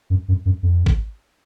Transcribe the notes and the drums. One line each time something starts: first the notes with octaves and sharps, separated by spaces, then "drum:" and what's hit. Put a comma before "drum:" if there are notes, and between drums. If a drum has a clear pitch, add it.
F#2
F#2
F#2
F2
drum: kick